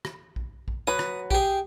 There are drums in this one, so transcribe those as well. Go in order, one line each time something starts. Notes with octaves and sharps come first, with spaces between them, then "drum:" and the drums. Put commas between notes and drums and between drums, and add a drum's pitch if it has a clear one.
drum: rim click
drum: kick A#1
drum: kick A#1
F#3 B4 D#6
drum: rim click
G4 G#4 G5, drum: kick A#1